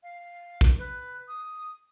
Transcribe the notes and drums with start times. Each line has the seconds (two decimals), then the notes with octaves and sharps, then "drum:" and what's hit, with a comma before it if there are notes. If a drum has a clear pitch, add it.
0.03 F5
0.61 drum: kick A#1
0.78 B4
1.28 D#6